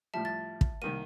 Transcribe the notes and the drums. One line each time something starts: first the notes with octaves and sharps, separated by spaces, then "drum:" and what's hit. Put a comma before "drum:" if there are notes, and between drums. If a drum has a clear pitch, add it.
A2 F3 G3 E5 A5
A6
drum: kick
C2 D#3 A#3 D#7